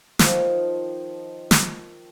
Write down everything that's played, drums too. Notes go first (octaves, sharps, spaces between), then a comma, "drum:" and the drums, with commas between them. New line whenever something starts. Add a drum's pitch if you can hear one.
D#3 F3, drum: snare
drum: snare